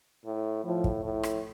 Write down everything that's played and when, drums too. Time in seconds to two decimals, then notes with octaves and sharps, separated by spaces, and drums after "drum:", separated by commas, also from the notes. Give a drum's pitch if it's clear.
0.26 A2
0.64 A2 F3
0.84 drum: kick
1.04 A2
1.23 drum: rim click